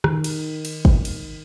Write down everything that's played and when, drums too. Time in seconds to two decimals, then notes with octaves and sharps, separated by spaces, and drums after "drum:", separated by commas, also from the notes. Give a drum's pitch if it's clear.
0.04 D#3, drum: rim click
0.24 drum: cymbal
0.65 drum: cymbal
0.85 drum: kick
1.05 drum: cymbal